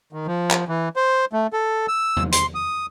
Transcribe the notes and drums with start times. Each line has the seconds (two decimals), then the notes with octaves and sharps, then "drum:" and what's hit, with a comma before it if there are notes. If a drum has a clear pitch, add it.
0.13 D#3
0.27 F3
0.51 drum: clap
0.68 E3
0.96 C5
1.33 A3
1.53 A4
1.88 E6
2.17 drum: tom
2.32 C6, drum: hi-hat
2.55 D#6